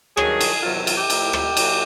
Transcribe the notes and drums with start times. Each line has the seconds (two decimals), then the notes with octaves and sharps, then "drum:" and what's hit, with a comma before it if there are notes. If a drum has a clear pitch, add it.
0.17 G2 D#3 F#3 G#4, drum: rim click
0.41 drum: cymbal
0.63 E2 C3 D#3 F#3 F4
0.75 E4
0.87 F4, drum: cymbal
0.98 G4
1.10 A2 F3, drum: cymbal
1.33 drum: rim click
1.57 A#2 F#3, drum: cymbal